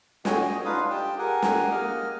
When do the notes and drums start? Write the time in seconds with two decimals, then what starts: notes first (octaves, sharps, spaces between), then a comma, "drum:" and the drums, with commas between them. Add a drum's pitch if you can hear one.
0.25 F#4 G#4 C#5 D#5 G5 G#5, drum: snare
0.41 D#5
0.65 D4 D#4 F4 B4 F5 D#6
0.90 G4 G5 A5
1.19 G4 G#4 A#4 F#5 G#5
1.42 drum: snare
1.72 A#3 D#5 F6